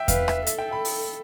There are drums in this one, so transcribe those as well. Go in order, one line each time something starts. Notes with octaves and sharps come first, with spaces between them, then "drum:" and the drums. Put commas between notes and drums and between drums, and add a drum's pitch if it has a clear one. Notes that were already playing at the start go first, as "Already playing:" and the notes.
Already playing: E5 G5
B4 F5, drum: kick E2, hi-hat
E5, drum: rim click
A4 E5, drum: hi-hat
E5 G5
G5 B5
drum: open hi-hat